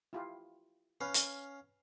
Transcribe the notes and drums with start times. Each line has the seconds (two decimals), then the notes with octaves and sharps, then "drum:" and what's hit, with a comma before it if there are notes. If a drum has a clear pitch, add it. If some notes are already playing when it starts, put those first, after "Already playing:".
0.13 E4 F4 G4
1.01 C#4 B4 F5
1.14 drum: hi-hat